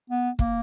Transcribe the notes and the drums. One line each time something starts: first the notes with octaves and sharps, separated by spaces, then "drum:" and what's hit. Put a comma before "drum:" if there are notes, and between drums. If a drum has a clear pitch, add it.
B3
A#3, drum: kick